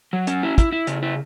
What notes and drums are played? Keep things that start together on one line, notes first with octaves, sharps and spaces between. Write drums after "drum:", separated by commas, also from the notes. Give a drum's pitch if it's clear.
F#3
C#4, drum: hi-hat
E4
E4, drum: kick, hi-hat
E4
C#3, drum: hi-hat
E4